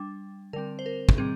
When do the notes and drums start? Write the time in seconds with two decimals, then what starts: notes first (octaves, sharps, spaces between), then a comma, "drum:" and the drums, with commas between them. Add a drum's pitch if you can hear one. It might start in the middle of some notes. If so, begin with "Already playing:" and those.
Already playing: G3 D4
0.53 D3 G3 C4 A#4
0.79 C5
0.86 A#4
1.09 drum: kick
1.18 D#3 G3 C4 G#4